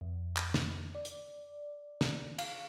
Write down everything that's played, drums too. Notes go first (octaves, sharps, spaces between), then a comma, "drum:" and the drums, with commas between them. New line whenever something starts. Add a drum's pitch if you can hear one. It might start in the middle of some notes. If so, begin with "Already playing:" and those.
F2
drum: clap
drum: snare
D5
drum: hi-hat
drum: snare
F5, drum: cymbal